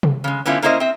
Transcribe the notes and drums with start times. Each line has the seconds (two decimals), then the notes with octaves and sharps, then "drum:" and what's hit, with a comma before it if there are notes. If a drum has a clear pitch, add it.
0.03 drum: tom C3
0.24 C#3 G#3
0.46 D3 G3 B3 C#4 E4 F4
0.62 A#3 C#4 E4 C5 C#5 D#5
0.80 C4 E5